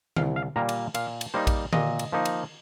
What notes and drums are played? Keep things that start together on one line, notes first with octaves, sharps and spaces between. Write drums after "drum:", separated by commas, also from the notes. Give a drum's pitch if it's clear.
C2 F5, drum: tom D3
F5
A#2 G3 A#3 A#5
drum: cymbal
A#2 F5, drum: cymbal
drum: cymbal
G3 A#3 D#4 C5
drum: kick A#1, cymbal
A#2 D#5, drum: tom D3
drum: cymbal
F3 A#3 D#4
drum: cymbal